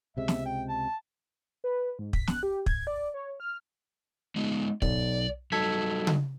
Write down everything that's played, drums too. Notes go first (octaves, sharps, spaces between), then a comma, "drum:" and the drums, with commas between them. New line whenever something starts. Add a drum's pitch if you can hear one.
C#2 C3 G#3 E5
drum: snare
G5
A5
B4
G#2
B6, drum: kick
F#6, drum: snare
G4
G#6, drum: kick
D5
C#5
F6
G#3 B3 D#4
B1 D5, drum: kick
F#3 G3 D#4 A4 G#6 B6
drum: tom C#3